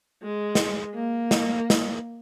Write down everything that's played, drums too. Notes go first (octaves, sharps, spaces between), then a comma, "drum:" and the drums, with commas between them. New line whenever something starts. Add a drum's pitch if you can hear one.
G#3
drum: snare
A#3
drum: snare
drum: snare